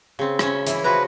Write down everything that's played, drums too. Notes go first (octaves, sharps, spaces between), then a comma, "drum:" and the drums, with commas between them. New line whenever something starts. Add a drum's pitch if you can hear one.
C#3 C4
C#4 E5, drum: rim click
E3 E4, drum: hi-hat
F3 F#4 B4 A#5